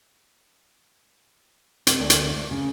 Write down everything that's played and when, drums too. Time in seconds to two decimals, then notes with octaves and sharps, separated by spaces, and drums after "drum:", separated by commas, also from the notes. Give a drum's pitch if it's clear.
1.87 C3, drum: hi-hat
2.00 D2
2.10 drum: hi-hat
2.51 C#3